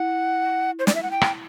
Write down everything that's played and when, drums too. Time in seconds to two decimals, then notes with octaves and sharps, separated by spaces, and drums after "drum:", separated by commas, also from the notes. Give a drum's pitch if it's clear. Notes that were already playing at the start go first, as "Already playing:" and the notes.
Already playing: E4 F#5
0.79 C5
0.87 D5, drum: snare
0.95 E5
1.03 F#5
1.11 G5
1.21 drum: rim click